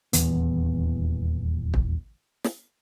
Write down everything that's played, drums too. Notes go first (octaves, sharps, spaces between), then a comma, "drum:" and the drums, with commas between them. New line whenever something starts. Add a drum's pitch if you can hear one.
D#1 E2 E3 B3, drum: hi-hat
drum: kick
drum: snare